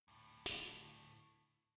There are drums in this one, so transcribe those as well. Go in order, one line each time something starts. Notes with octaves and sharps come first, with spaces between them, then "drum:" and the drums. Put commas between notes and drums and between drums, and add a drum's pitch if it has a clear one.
D2 A2
drum: tambourine